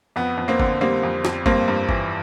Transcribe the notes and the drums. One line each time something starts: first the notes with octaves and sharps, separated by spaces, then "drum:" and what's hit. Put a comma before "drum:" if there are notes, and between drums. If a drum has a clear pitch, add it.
F2 B3
F2
A#3 C4
D3, drum: kick G1
G3 A#3 C4
F2
F2, drum: snare
G2 A#3 C4, drum: kick G1
G2
E3, drum: kick G1